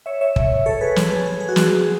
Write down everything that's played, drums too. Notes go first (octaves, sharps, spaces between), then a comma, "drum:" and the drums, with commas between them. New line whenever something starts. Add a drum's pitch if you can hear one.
C#5 E5
C#5 E5
drum: kick
A4 C#5
G#4 B4
G#4, drum: snare
G#4
G#4
G#4
F#4
G#4, drum: snare